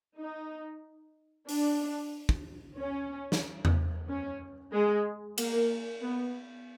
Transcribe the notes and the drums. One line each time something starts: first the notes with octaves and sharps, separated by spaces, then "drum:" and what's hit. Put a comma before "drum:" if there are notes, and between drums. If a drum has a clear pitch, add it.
D#4
D4, drum: open hi-hat
drum: kick
C#4
drum: snare
drum: tom E2
C#4
G#3
A#3, drum: cymbal
B3